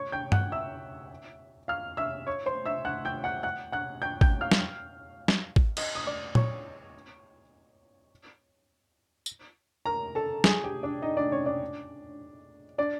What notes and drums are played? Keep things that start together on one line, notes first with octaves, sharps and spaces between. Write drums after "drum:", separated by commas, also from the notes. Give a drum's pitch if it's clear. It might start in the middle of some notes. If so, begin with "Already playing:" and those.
Already playing: C#5 C#6
G5 G6
F#5 F#6, drum: tom G2
E5 E6
F5 F6
E5 E6
C#5 C#6
C5 C6
E5 E6
F#5 F#6
G5 G6
F#5 F#6
F#5 F#6
F#5 F#6
G5 G6
G5 G6, drum: kick G#1
F5 F6
drum: snare
drum: snare
drum: kick G#1
D#5 D#6, drum: cymbal
D#6
D5 D6
C#5 C#6, drum: tom
drum: tambourine
A#4 A#5
A4 A5
G#4 G#5, drum: snare
G4 G5
D4 D5
D#4 D#5
D4 D5
C#4 C#5
D4 D5
D4 D5